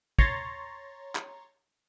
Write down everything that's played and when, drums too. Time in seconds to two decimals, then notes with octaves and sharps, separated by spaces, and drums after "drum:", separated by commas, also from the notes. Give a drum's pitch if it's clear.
0.19 C#5 A#5 C6 A6, drum: kick
1.15 drum: clap